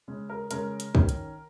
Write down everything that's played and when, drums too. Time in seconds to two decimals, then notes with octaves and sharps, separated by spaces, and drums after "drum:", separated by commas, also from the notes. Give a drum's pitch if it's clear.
0.08 C#3 G#3 C#4
0.29 A#4
0.51 C#3 G#3 C#4 A#4, drum: hi-hat
0.80 drum: hi-hat
0.95 D#3 C#4, drum: kick
1.09 drum: hi-hat